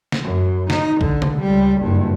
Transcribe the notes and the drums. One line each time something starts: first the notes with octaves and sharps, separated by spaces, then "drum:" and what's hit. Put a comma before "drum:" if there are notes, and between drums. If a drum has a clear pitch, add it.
drum: snare
F#2
D#4, drum: snare
D3, drum: kick
drum: tom C3
C#2 G3
F#1 G2